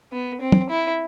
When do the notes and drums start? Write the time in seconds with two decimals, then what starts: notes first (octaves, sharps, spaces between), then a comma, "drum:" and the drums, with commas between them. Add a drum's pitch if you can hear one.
0.12 B3
0.41 C4
0.52 drum: tom
0.70 E4